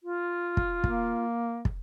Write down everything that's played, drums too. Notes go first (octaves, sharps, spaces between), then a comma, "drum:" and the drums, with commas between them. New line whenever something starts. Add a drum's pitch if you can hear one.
F4
drum: kick
A#3, drum: kick
drum: kick